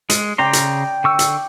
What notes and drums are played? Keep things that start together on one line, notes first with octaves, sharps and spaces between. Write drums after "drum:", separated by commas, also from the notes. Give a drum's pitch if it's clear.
G#3, drum: hi-hat
C#3 D5 G5 A#5 C6
drum: hi-hat
D3 C#6 E6
drum: hi-hat